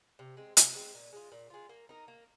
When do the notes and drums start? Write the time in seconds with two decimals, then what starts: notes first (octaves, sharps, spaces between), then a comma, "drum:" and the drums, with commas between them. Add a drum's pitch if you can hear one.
0.19 C3
0.37 G#3 C4
0.57 C3, drum: hi-hat
0.75 G#3 C4
0.94 A#2
1.13 G#3 F4
1.32 A#2
1.50 G#3 F4
1.69 A#3
1.89 D#4 A#4
2.08 A#3